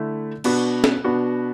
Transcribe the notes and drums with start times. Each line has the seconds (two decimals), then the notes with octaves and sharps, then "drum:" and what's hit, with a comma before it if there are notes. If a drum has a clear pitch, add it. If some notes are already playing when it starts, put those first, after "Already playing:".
Already playing: D3 A3 E4
0.44 B2 B3 D4 F#4, drum: cymbal
0.84 drum: snare C#4
1.04 B2 B3 D4 F#4